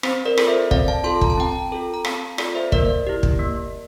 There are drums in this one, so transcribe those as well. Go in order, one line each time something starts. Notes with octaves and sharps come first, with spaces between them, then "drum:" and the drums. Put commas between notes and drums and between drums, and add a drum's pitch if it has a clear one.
C4 C5, drum: rim click
A#4 D5
F4 A4, drum: rim click
C5 E5
C4 D5 F5, drum: kick
F5 A5
F4 A4 A5 C6
A#5, drum: kick
A5
C4 G5 A#5
F4 A4
A#5
C4 F5 A5, drum: rim click
F4 A4 D5 F5, drum: rim click
C5 E5
A#3 A#4 D5, drum: kick
E4 G4
drum: kick
A#3